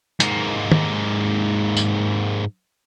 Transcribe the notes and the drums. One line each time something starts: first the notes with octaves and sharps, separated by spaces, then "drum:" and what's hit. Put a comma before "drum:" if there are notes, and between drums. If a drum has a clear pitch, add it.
G#2 A#3, drum: hi-hat
drum: tom
drum: tambourine